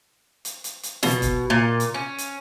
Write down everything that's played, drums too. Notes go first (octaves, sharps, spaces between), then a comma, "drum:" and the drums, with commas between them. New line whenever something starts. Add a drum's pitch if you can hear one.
drum: hi-hat
drum: hi-hat
drum: hi-hat
B2, drum: snare
drum: kick, hi-hat
A#2
drum: hi-hat
C#4
drum: hi-hat